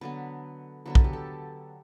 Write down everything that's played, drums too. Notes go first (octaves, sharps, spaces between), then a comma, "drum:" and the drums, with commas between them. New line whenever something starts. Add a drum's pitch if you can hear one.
D3 F#3 B3 B4
D3 F#3 B3 B4
A4, drum: kick B1
G4
A4